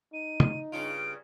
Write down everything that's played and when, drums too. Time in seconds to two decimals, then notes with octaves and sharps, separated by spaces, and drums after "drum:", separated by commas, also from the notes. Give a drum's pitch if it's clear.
0.13 D#4 D#7
0.40 drum: tom
0.72 G2 C#3 F4 D7